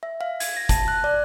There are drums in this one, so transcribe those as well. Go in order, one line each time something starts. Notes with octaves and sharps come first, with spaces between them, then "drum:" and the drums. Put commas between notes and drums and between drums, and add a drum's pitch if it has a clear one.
E5
F5
G#6, drum: hi-hat
A#6
A5, drum: kick, hi-hat
F#6
D5